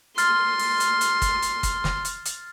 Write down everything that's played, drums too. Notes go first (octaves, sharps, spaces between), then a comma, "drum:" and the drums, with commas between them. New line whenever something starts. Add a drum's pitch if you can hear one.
C6 F6 A6 C7, drum: hi-hat
drum: open hi-hat
drum: hi-hat
drum: hi-hat
drum: kick, hi-hat
drum: hi-hat
drum: kick, hi-hat
drum: snare
drum: hi-hat
drum: hi-hat